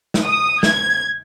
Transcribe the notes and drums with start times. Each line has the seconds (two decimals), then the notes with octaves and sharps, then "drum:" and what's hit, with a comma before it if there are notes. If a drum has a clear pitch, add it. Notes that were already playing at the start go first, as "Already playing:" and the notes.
0.14 drum: snare
0.24 D#6
0.63 G#6, drum: snare